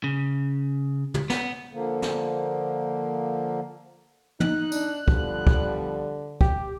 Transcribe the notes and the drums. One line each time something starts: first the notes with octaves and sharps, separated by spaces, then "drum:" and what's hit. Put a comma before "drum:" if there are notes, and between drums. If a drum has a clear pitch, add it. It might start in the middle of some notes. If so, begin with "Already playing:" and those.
C#3
drum: tom
B3, drum: snare
D3 F3 A#3
drum: snare
D#4 F#6, drum: tom
D4, drum: tambourine
D3 F3 G3 B3, drum: kick
drum: kick
G4, drum: kick